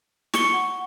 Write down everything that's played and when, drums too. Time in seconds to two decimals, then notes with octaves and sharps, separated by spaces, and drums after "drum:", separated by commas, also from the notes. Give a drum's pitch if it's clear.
0.34 C#6 C#7 G7, drum: snare
0.53 F#5